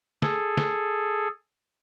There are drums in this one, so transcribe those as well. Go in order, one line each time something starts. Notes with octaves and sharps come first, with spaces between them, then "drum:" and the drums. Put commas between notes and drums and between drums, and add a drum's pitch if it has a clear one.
G#4 A4, drum: snare
drum: snare